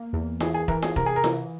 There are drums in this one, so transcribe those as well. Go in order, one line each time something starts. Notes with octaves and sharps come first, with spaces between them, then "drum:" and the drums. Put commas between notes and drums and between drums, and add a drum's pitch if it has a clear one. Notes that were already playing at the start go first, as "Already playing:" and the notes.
Already playing: A#3
E2
E3 G#4, drum: snare F4
G#4
E3 A#4, drum: kick E1
G#4, drum: snare F4
C3 A#4, drum: kick E1
G#4
A#4
E3, drum: snare F4